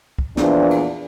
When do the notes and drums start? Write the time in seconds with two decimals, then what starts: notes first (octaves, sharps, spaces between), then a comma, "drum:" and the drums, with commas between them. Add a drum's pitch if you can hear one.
0.18 drum: kick
0.37 E2 A#2 E3 F3 D4, drum: snare
0.71 drum: cymbal